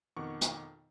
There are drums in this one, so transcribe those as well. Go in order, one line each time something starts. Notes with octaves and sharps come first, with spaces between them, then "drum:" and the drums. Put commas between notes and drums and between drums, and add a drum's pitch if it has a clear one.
F2 B2 D#3 F#5 C#6 D6
drum: hi-hat